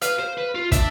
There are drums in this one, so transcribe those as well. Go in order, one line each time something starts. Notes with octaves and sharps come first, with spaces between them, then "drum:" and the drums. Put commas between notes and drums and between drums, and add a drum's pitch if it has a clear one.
B4 F5, drum: hi-hat
C5
B4
F4
D4 E5, drum: kick, hi-hat